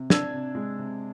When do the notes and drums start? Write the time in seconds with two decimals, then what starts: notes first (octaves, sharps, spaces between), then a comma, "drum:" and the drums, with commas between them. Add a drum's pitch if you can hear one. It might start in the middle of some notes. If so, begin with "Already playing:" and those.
Already playing: C3
0.10 D4 E6 G#6, drum: snare
0.33 C3
0.55 G#3
0.78 C3